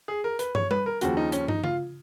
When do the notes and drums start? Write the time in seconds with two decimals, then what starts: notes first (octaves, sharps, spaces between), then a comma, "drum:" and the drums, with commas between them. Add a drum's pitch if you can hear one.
0.08 G#4
0.24 A#4
0.39 B4, drum: hi-hat
0.55 C#5, drum: tom
0.71 B4, drum: tom G3
0.86 A#4
1.01 D#2 C#3 F3 F#4, drum: hi-hat
1.17 D#4
1.32 C#4, drum: hi-hat
1.48 D#4, drum: tom
1.64 F4, drum: tom C#3